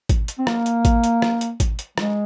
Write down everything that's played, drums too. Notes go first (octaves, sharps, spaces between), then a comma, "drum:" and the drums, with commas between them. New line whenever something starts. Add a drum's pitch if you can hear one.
drum: kick G#1, hi-hat
drum: hi-hat
C4
A#3, drum: rim click
drum: hi-hat
drum: kick G#1, hi-hat
drum: hi-hat
drum: rim click
drum: hi-hat
drum: kick G#1, hi-hat
drum: hi-hat
G#3, drum: rim click